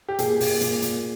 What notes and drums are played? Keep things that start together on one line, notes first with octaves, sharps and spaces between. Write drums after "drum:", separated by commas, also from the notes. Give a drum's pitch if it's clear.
G4
A#2 G#4, drum: hi-hat
A#2, drum: open hi-hat
A#2, drum: hi-hat
A#2, drum: hi-hat